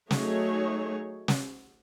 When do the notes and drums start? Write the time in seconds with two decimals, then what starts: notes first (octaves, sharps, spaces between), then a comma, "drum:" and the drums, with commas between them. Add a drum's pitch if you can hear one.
0.11 F#3 A3 D#4 G#4 C#5, drum: snare
1.28 drum: snare